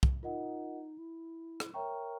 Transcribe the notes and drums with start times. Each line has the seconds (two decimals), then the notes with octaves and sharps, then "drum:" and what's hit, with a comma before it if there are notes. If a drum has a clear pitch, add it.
0.03 drum: kick
0.23 D#4 F4 A#4 D#5 F#5
0.98 E4
1.60 drum: rim click
1.74 A#4 C#5 E5 G5 A#5 C#6